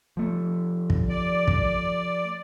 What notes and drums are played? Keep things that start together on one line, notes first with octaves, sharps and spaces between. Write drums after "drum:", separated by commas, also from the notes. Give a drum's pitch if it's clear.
F3 A3
drum: kick
D5
drum: kick